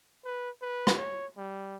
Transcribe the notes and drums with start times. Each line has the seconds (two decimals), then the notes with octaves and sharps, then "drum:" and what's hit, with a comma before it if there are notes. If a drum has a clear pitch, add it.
0.25 B4
0.62 B4
0.87 drum: rim click
0.97 C#5
1.37 G3